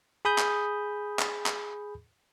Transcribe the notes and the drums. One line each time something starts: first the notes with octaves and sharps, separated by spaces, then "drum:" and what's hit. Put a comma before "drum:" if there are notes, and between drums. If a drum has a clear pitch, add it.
G#4 B5 D#6 G6
drum: clap
drum: clap
drum: clap